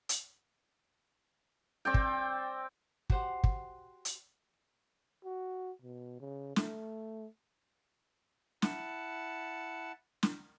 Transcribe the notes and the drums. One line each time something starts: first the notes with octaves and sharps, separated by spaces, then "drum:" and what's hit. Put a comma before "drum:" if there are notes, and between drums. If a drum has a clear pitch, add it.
drum: hi-hat
C4 D5 G5
drum: kick
F#4 G4 C5 F#5, drum: kick
drum: kick
drum: hi-hat
F#4
B2
C#3
A3, drum: snare
E4 F#5 A5, drum: snare
drum: snare